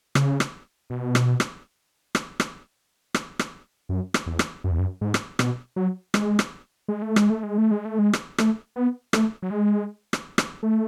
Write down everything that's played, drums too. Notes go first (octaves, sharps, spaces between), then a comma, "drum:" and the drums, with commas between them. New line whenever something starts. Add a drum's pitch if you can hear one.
C#3, drum: rim click
drum: rim click
B2
drum: rim click
drum: rim click
drum: rim click
drum: rim click
drum: rim click
drum: rim click
F#2
drum: rim click
E2
drum: rim click
F#2
E2
F#2
G#2
drum: rim click
B2, drum: rim click
F#3
G#3, drum: rim click
drum: rim click
G#3
A3
G#3, drum: rim click
A3
G#3
A3
G#3
A3
G#3
drum: rim click
A3, drum: rim click
B3
A3, drum: rim click
F#3
G#3
drum: rim click
drum: rim click
A3